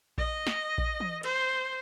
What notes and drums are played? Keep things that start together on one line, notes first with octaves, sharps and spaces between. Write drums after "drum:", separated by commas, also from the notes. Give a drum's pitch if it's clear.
D#5, drum: kick A#1
drum: snare
drum: kick A#1
drum: tom E3
C5, drum: cymbal